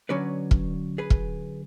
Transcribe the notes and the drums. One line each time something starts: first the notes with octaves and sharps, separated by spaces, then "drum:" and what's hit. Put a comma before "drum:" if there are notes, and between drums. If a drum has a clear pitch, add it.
D3 F#3 C#4 B4 D5
drum: kick
G#4 B4
drum: kick